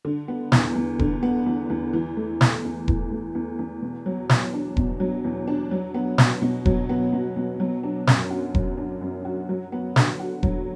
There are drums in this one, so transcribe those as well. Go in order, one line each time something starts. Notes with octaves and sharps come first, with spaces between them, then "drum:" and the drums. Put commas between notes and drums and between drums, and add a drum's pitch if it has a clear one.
D3
B3
E2, drum: snare
E2
D3, drum: kick E1
B3
E2
E2
E3
A3
E2, drum: snare
E2
E3, drum: kick E1
A3
E2
E2
B2
F#3
E2, drum: snare
D4
B2, drum: kick E1
F#3
E2
D4
F#3
B3
B2, drum: snare
B2
F#3, drum: kick E1
B3
B2
B2
F#3
D4
F#2, drum: snare
F#4
F#3, drum: kick E1
D4
F#2
F#4
F#3
B3
D3, drum: snare
F#4
F#3, drum: kick E1